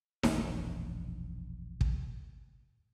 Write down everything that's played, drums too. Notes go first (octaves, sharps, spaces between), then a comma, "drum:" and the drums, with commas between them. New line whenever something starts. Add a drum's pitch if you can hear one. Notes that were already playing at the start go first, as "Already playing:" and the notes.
E1 A#1 F#2, drum: snare D#4
drum: kick